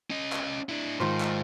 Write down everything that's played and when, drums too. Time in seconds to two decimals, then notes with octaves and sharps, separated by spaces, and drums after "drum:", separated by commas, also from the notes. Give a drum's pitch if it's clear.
0.10 C#4 D#5
0.32 drum: clap
0.69 D4 E4
1.00 G#2 D#3 F4 C5
1.20 drum: clap